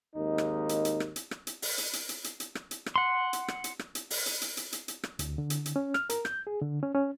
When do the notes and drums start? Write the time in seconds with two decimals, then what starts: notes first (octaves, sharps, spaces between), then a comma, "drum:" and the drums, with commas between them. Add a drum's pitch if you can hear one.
0.16 G#1 D#2 D#4
0.38 drum: rim click
0.69 drum: hi-hat
0.85 drum: hi-hat
1.00 drum: rim click
1.16 drum: hi-hat
1.31 drum: rim click
1.47 drum: hi-hat
1.62 drum: open hi-hat
1.78 drum: hi-hat
1.93 drum: hi-hat
2.09 drum: hi-hat
2.24 drum: hi-hat
2.40 drum: hi-hat
2.55 drum: rim click
2.71 drum: hi-hat
2.86 drum: rim click
2.96 F#5 C6
3.33 drum: hi-hat
3.48 drum: rim click
3.64 drum: hi-hat
3.79 drum: rim click
3.95 drum: hi-hat
4.10 drum: open hi-hat
4.26 drum: hi-hat
4.41 drum: hi-hat
4.57 drum: hi-hat
4.72 drum: hi-hat
4.88 drum: hi-hat
5.04 drum: rim click
5.19 D2, drum: hi-hat
5.38 D3
5.50 drum: hi-hat
5.66 drum: hi-hat
5.76 C#4
5.94 F6, drum: rim click
6.10 A#4, drum: hi-hat
6.25 G6, drum: rim click
6.47 G#4
6.62 D3
6.83 C#4
6.95 C#4